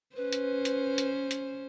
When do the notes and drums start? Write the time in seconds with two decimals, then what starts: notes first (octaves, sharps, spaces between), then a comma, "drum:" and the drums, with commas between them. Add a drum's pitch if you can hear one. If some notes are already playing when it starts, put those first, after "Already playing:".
0.16 C#4 B4 C5
0.33 drum: hi-hat
0.65 drum: hi-hat
0.98 drum: hi-hat
1.31 drum: hi-hat